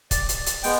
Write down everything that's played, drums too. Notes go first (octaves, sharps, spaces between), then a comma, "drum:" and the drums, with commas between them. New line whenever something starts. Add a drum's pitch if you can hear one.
D5, drum: kick, hi-hat
drum: hi-hat
drum: hi-hat
G#3 B3 G5, drum: open hi-hat